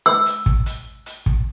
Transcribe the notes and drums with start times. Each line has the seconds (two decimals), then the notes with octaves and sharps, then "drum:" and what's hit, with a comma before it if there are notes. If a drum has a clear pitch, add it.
0.06 E6
0.26 drum: hi-hat
0.46 drum: kick
0.66 drum: hi-hat
1.06 drum: hi-hat
1.26 drum: kick